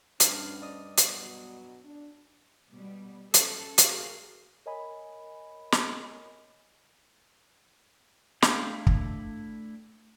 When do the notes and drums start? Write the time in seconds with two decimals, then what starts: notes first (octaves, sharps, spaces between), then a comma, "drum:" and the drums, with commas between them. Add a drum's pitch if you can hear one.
0.20 D2 G2 C#4 F6, drum: hi-hat
0.62 D5 D#5 D#6
0.97 B2 F#3 B3, drum: hi-hat
1.83 D4
2.71 B2 G3 B3
3.34 C#4 A4, drum: hi-hat
3.78 F#4 G#4 A#4 F5, drum: hi-hat
4.66 A#4 C#5 D#5 G#5 B5
5.72 drum: snare
8.42 A3 D4 E4 F5 G5, drum: snare
8.87 drum: kick